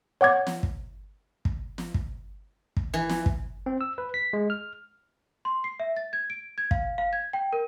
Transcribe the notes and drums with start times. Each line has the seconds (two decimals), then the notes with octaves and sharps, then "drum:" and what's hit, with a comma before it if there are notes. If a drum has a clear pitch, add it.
0.21 C#5 F#5 D6 G#6
0.47 drum: snare
0.63 drum: kick
1.45 drum: kick
1.78 drum: snare
1.94 drum: kick
2.77 drum: kick
2.94 E3
3.09 drum: snare
3.26 drum: kick
3.66 C4
3.81 E6
3.98 B4
4.14 B6
4.33 G#3
4.50 F6
5.45 C6
5.64 C7
5.80 E5
5.97 A6
6.13 G#6
6.30 D7
6.58 G#6
6.71 F5, drum: kick
6.98 F5
7.13 G#6
7.33 G5
7.53 A#4